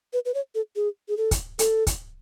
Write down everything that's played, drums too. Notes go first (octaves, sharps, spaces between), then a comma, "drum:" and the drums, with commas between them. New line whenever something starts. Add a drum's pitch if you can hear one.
B4
B4
C#5
A4
G#4
G#4
A4
drum: kick, hi-hat
A4, drum: hi-hat
drum: kick, hi-hat